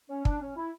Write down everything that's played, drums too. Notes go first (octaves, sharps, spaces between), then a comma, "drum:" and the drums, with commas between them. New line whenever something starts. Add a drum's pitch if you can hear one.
C#4
D4, drum: kick
C#4
E4